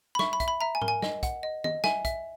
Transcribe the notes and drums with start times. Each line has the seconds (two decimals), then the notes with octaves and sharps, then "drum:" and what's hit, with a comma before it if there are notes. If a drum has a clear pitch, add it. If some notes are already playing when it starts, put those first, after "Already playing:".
0.15 B5
0.19 E5 C#6, drum: snare
0.33 B5
0.40 E5, drum: kick, hi-hat
0.48 B5
0.61 E5 A#5
0.75 G#5
0.82 A#4, drum: tom G#2
0.88 G#5
1.02 D#5, drum: snare
1.23 F#5, drum: kick, hi-hat
1.43 D#5
1.64 D#5, drum: tom
1.84 E5 G#5, drum: snare
2.05 E5, drum: kick, hi-hat